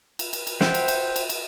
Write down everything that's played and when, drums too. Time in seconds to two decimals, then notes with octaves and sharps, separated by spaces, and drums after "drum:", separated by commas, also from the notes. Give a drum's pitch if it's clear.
0.19 drum: cymbal
0.33 drum: cymbal
0.47 drum: cymbal
0.61 C5 E5 F#5 G5, drum: snare
0.74 drum: cymbal
0.88 drum: cymbal
1.16 drum: cymbal
1.29 drum: cymbal